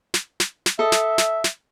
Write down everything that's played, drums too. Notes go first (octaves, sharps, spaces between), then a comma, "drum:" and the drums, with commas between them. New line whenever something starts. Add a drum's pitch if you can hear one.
drum: snare
drum: snare
drum: snare
A4 D#5 E5
drum: snare
drum: snare
drum: snare